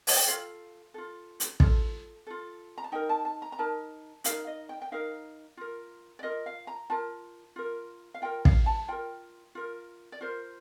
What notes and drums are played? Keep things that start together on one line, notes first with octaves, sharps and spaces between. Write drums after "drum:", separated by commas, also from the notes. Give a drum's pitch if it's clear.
A5, drum: open hi-hat
G5
F4 A4 F5
F4 A4
drum: hi-hat
F4 A4, drum: kick
F4 A4
A#5
A5
D#4 A#4 G5
A5
A5
A#5
A#5
D#4 A#4 A5
D#4 A#4 F5, drum: hi-hat
D#5
G5
G5
D#4 A#4 F5
F4 A#4
D5
F4 A#4 D#5
F5
A#5
F4 A#4 A5
F4 A#4
F5
F4 A#4 G5
F5, drum: kick
A5
F4 A#4 G5
F4 A#4
D5
F4 A#4 C5